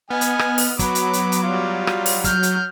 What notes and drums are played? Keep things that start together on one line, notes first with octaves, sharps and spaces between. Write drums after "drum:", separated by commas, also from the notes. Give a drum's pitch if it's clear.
B3 D#5 G#5 F6
drum: hi-hat
drum: rim click
drum: open hi-hat
F#3 B3 B4 D6, drum: kick, hi-hat
drum: hi-hat
drum: hi-hat
drum: hi-hat
G3 F4
drum: rim click
drum: open hi-hat
F6 G6, drum: kick, hi-hat
drum: hi-hat